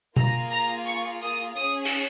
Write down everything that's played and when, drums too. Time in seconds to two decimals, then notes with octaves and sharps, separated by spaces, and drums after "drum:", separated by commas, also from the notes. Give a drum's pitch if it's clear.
0.17 A#3 F4 G#4 A#5, drum: tom B2
0.51 A#5
0.86 C#6
1.21 D#6
1.56 C#4 G#4 D#6
1.85 drum: cymbal